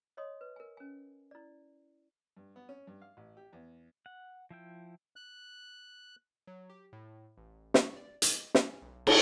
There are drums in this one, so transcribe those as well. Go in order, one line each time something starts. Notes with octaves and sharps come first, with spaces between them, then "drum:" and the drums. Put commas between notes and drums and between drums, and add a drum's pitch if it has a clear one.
C#5 D#5 C6 D#6
B4
A#4 G#5
C#4 G#5
E4 D5
G2
B3
C#4
G2
F5
A1
G4
E2
F#5
F3 E4 G5
F#6
F#3
G4
A2
A1
C#6, drum: snare
D5
D#5, drum: hi-hat
C#4, drum: snare
B1
F2, drum: cymbal